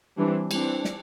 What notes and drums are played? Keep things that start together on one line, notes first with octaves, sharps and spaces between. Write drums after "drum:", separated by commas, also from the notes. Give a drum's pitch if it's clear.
E3 G3 C4 D4
E3 G3 C4 D4, drum: cymbal
drum: snare